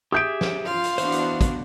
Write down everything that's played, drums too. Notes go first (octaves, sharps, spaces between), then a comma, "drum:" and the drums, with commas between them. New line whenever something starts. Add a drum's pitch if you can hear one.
G4 G#4 E5 D#6 G6 D7
drum: snare
F4 F5 C6
drum: hi-hat
E3 B3 D4 F#4 C5, drum: hi-hat
drum: hi-hat
drum: kick, hi-hat